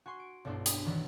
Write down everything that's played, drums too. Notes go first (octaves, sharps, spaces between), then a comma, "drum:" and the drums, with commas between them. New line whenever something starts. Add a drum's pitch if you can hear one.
F#4 G#5 C6 C#6
D7
B1 G2 B3 D4 E4 C6
D#6, drum: hi-hat
D#3 E3 F#3 G3 D4 E4